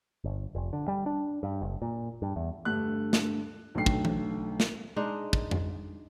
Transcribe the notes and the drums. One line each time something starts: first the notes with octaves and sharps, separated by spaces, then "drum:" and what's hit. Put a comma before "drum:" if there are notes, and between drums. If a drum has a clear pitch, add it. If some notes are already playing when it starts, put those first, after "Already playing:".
G1
F1
D3
G3
D4
G2
F#1
A#2
G2
E2
G2 D3 A3 G4 F#6
drum: snare
B1 D3 A3 G5 C7
drum: kick
drum: tom E3
drum: snare
G#3 D4 D#4
drum: kick
drum: tom F2